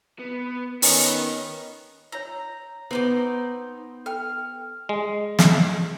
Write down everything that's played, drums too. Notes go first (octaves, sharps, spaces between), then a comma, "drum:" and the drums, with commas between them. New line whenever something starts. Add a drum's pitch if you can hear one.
B3
D#3 B3 C#4, drum: open hi-hat
C#5 A#5 E6
B3 C4 D#4 D6
A4 G5 F6
G#3
drum: snare